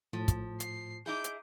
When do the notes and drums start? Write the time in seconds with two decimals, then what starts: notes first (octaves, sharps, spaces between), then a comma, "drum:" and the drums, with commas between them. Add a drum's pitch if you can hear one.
0.13 A2 F3
0.28 drum: kick, hi-hat
0.60 C7, drum: hi-hat
1.06 D#4 E4 G#4 D6 G6
1.24 drum: hi-hat